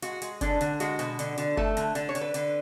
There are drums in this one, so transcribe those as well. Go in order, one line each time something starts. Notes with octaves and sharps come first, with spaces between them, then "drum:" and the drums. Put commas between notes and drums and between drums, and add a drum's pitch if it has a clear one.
G#3 F#4, drum: hi-hat
G#3, drum: hi-hat
D3 D4, drum: kick F#1, hi-hat
D3, drum: hi-hat
G#3 F#4, drum: hi-hat
B2, drum: hi-hat
D3, drum: hi-hat
D3, drum: hi-hat
A3 A4, drum: kick F#1
D3, drum: hi-hat
D3, drum: hi-hat
C#5
D3, drum: hi-hat
B4
D3 B4, drum: hi-hat